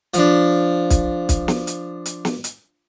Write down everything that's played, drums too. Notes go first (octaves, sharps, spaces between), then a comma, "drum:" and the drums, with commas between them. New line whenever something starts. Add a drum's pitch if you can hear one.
F3 D4, drum: hi-hat
drum: kick B1, hi-hat
drum: kick B1, hi-hat
drum: snare
drum: hi-hat
drum: hi-hat
drum: snare
drum: hi-hat